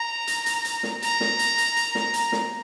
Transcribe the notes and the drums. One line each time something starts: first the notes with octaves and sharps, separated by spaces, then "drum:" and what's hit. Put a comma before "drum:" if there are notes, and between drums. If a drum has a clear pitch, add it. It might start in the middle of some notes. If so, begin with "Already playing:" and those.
Already playing: A#5
drum: hi-hat
drum: hi-hat
drum: hi-hat
drum: snare
A#5, drum: hi-hat
drum: snare
drum: hi-hat
drum: hi-hat
drum: hi-hat
drum: snare
drum: hi-hat
drum: snare